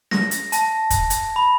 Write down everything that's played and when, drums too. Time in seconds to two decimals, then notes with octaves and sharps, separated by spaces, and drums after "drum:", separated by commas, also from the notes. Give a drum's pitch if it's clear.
0.11 A#6, drum: snare
0.31 drum: hi-hat
0.52 A5 A#6, drum: hi-hat
0.90 drum: kick, hi-hat
1.10 drum: hi-hat
1.36 B5